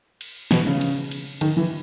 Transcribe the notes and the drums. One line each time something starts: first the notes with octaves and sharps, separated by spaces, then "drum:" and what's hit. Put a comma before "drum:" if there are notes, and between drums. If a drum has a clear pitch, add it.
drum: cymbal
B2, drum: snare
C#3
drum: cymbal
drum: cymbal
D#3, drum: cymbal
E3